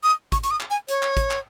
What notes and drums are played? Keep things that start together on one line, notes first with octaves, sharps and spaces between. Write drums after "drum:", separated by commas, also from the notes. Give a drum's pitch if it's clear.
D#6
C#6, drum: kick, hi-hat
C#6, drum: hi-hat
D#6
drum: clap
G#5
C#5, drum: hi-hat
drum: clap
drum: kick, hi-hat
drum: clap